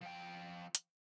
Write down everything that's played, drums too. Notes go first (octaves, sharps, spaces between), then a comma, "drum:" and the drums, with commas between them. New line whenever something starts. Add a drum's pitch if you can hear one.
F3 G5
drum: hi-hat